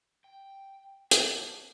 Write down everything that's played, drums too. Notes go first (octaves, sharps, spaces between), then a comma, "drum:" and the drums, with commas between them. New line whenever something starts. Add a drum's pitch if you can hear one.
G5
D4, drum: hi-hat